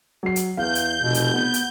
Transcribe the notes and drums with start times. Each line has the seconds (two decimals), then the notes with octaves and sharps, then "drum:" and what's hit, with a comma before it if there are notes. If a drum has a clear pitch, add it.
0.23 F#3 C7
0.36 drum: hi-hat
0.57 E2 F5 G6
0.75 drum: hi-hat
1.03 F1 B2
1.14 drum: hi-hat
1.34 B3
1.54 drum: hi-hat